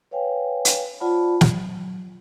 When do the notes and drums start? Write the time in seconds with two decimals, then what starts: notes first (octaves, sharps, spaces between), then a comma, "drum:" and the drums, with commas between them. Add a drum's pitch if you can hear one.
0.11 B4 C#5 F5 G5 G#5
0.65 drum: hi-hat
1.00 F4 C5 D5 F#5 A5 B5
1.41 F#3, drum: snare